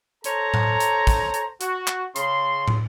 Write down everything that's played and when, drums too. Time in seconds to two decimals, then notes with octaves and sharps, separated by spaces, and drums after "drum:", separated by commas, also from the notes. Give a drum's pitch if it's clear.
0.24 A4 C5 C#5 A#5, drum: hi-hat
0.54 drum: tom A2
0.80 drum: hi-hat
1.07 drum: kick, hi-hat
1.34 drum: hi-hat
1.61 F#4, drum: hi-hat
1.87 drum: clap
2.16 C#3 C6, drum: hi-hat
2.68 drum: tom